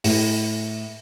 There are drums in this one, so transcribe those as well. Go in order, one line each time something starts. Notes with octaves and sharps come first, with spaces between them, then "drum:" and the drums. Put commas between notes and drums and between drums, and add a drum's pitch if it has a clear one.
A2, drum: open hi-hat